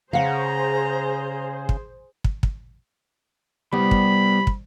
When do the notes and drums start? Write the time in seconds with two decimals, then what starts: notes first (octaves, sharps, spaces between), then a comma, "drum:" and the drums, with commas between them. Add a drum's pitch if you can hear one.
0.13 C#3 G#4 C5 F5 F#5 A#5
1.69 drum: kick
2.24 drum: kick
2.43 drum: kick
3.73 C2 G3 B3 B5
3.91 drum: kick
4.47 drum: kick